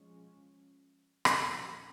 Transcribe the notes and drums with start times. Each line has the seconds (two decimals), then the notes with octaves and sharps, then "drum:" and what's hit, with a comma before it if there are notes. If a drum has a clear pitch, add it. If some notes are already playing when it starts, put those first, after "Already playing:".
Already playing: F3 G#3 C#4
1.25 drum: rim click
1.37 A#2 F3 A#3 C#4